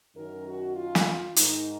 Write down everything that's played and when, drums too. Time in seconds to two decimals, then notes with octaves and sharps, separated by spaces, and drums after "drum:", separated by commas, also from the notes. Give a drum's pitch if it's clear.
0.16 F#2 D#3 A#4
0.47 F#4
0.76 F4
0.95 drum: snare
1.36 G#2 D#3 D#4, drum: hi-hat